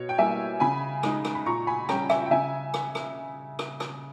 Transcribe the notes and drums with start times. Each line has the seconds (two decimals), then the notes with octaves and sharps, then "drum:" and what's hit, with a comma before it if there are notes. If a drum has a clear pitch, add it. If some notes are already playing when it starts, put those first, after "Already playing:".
Already playing: B2 C#5
0.09 G5
0.18 G3 A#3 E4 E5 G#5
0.60 C#3 G#5 B5
1.03 G#3 D#4, drum: rim click
1.25 drum: rim click
1.35 B5
1.46 A#2 A#5 C#6
1.67 G#5 B5
1.89 G3 C#4 G5 A#5, drum: rim click
2.10 E5 G#5, drum: rim click
2.26 G5
2.31 C#3 E5 G#5
2.74 drum: rim click
2.95 drum: rim click
3.59 drum: rim click
3.80 drum: rim click